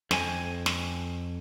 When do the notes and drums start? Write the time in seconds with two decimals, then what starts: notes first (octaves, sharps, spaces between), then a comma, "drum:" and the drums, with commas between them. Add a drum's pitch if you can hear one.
0.11 F2 G#5, drum: snare
0.66 drum: snare